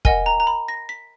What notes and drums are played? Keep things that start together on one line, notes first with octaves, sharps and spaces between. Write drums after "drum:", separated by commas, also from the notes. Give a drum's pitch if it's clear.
A#4 D#5 F#5 G#5, drum: kick
A#5
A#5
B5
A#6
B6